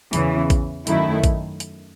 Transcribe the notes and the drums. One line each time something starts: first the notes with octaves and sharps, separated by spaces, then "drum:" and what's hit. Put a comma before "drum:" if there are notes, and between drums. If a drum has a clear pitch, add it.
E2 C#3 E3, drum: hi-hat
drum: kick A1, hi-hat
F#2 D#3 A3 E4, drum: hi-hat
drum: kick A1, hi-hat
drum: hi-hat